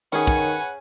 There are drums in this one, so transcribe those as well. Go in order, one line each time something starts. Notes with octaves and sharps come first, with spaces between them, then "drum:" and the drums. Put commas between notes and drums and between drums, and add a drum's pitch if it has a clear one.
D#3 C#4 G#4 B4 C#5 F#5 G#5
drum: kick